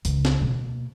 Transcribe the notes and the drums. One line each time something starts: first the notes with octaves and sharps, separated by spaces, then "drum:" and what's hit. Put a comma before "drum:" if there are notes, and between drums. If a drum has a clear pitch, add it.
C#2, drum: hi-hat
drum: snare
B2 A#3